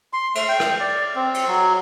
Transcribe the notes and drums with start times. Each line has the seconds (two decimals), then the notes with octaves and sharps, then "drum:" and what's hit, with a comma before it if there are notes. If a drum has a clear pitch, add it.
0.13 C6
0.35 A3, drum: cymbal
0.49 G5
0.60 drum: rim click
0.80 D5
1.15 C4
1.34 drum: cymbal
1.47 F#3